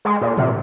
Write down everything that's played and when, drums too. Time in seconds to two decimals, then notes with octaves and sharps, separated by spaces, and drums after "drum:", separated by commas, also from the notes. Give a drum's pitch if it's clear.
0.05 G#3
0.21 A#2
0.37 C3, drum: tom A2